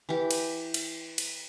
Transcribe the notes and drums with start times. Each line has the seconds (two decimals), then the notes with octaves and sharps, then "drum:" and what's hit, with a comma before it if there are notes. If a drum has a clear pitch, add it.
0.09 E3 G4
0.31 drum: cymbal
0.74 drum: cymbal
1.18 drum: cymbal